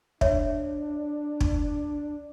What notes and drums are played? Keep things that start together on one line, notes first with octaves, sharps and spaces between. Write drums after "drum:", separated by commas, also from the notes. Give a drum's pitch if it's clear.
D4 C#5 E5, drum: kick
drum: kick